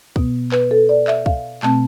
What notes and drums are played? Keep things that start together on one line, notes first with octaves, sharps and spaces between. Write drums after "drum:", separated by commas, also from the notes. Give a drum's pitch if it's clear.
B2 B3, drum: kick
B4, drum: clap
A4
D5
E5, drum: clap
F5, drum: kick
B2 A3 C4 A5, drum: clap